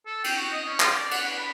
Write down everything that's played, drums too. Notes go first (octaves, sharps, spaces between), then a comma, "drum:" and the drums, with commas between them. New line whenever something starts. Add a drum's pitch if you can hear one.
A4
G5, drum: cymbal
F#4
D#5
C#4
C6, drum: clap
D5
F#5, drum: cymbal
B4
B5